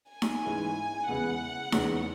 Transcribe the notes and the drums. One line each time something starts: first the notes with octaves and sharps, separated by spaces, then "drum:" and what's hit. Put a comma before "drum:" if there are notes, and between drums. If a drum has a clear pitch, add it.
G#5
drum: snare D#4
G#2 E3 G#3 C#4 E4
E2 C#3 G#3 B3 E4 F#5
E2 C#3 G#3 C#4, drum: snare D#4